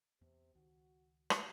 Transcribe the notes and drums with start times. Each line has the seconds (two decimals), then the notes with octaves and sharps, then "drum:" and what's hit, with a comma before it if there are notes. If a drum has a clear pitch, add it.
0.21 E2 C3 B3
0.54 C#2 D#3 F#4
1.30 drum: rim click